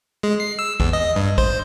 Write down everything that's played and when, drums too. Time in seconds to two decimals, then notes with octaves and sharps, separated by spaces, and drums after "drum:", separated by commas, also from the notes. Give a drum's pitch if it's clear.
0.23 G#3
0.40 C7
0.59 E6
0.80 E2, drum: kick
0.93 D#5
1.16 G2
1.38 C5, drum: kick